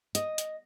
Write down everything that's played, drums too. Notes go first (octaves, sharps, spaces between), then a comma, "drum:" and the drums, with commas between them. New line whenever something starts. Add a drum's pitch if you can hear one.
D#5, drum: hi-hat
drum: hi-hat